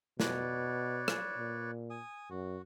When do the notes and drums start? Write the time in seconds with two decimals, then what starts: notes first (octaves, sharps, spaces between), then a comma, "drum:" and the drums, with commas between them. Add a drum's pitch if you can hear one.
0.20 B2 B4 C#5 D5, drum: snare
1.08 drum: rim click
1.37 A#2
1.90 G#5 D#6
2.30 F#2 F#4